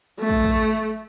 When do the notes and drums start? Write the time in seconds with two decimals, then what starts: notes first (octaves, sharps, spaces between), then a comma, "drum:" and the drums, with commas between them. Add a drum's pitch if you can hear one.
0.20 A3
0.29 drum: kick
0.44 drum: kick